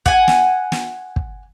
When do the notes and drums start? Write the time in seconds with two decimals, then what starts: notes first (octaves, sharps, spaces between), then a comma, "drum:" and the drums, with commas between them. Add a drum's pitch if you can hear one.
0.06 F#5 G#5, drum: kick
0.28 drum: snare
0.72 drum: snare
1.16 drum: kick